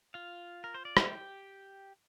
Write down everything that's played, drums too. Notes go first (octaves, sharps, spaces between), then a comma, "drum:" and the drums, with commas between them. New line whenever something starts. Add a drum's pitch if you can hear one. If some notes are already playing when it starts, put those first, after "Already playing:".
F4 F5
A#4
C5
D5
F5, drum: rim click
G4 G5